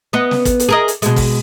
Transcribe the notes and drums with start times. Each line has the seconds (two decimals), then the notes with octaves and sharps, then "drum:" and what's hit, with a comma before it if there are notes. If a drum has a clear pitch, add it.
0.13 B3 D#5
0.31 drum: snare
0.45 drum: kick, hi-hat
0.60 drum: hi-hat
0.69 G#4 A#4 D#5
0.88 drum: hi-hat
1.02 B2 G#3, drum: hi-hat
1.16 drum: kick, open hi-hat